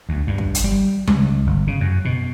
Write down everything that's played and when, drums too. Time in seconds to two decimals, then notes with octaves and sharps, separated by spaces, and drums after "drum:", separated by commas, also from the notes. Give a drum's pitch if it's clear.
0.09 D2
0.27 G2
0.38 drum: kick
0.55 drum: hi-hat
0.64 G3
1.07 C#2, drum: tom G3
1.47 G1
1.67 C#3
1.80 F#2
2.05 B2